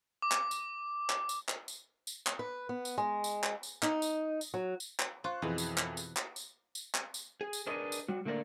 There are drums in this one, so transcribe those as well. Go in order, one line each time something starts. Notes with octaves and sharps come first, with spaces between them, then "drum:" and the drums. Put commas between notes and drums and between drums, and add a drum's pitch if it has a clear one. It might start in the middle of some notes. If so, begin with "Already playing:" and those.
D6
drum: clap
drum: tambourine
drum: clap
drum: tambourine
drum: clap
drum: tambourine
drum: tambourine
drum: clap
B4
B3
drum: tambourine
G#3
drum: tambourine
drum: clap
drum: tambourine
D#4, drum: clap
drum: tambourine
drum: tambourine
F#3
drum: tambourine
drum: clap
F4 C5 C#6 F#6
F2 B2 E3 E4 G#4
drum: tambourine
drum: clap
drum: tambourine
drum: clap
drum: tambourine
drum: tambourine
drum: clap
drum: tambourine
G#4
drum: tambourine
D4 G#4 A#4 B4 D5 D#5
drum: tambourine
G3 F#4
D3 A3 A#3 A#4 D5